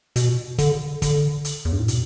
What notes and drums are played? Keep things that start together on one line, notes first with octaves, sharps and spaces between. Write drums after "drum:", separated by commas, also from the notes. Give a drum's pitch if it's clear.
B2, drum: hi-hat
D3, drum: kick, hi-hat
D3, drum: kick, hi-hat
drum: hi-hat
E2
G2
A2
B2, drum: hi-hat